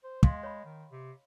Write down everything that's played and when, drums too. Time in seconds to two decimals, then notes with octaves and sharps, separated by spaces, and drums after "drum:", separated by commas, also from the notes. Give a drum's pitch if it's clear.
0.04 C5
0.23 G#3 D#5 F5 C6, drum: kick
0.43 C#5 B5
0.65 D#3
0.91 C3